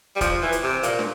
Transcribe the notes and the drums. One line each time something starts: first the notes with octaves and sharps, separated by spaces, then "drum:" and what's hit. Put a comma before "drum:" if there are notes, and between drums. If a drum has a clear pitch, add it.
G3
F3, drum: kick, hi-hat
E3
drum: hi-hat
C3
A#2, drum: hi-hat
drum: snare